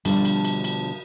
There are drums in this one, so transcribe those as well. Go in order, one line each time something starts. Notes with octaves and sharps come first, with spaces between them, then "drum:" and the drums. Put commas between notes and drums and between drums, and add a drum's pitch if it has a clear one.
B2 D3 F3 G3 D4, drum: cymbal
drum: cymbal
drum: cymbal
drum: cymbal